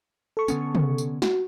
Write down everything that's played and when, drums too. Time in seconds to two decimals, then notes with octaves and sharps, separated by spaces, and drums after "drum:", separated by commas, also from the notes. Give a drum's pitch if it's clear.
0.37 A4 C#6
0.48 D3 B3 C#4, drum: tambourine
0.75 drum: tom
0.98 drum: tambourine
1.22 F#4, drum: snare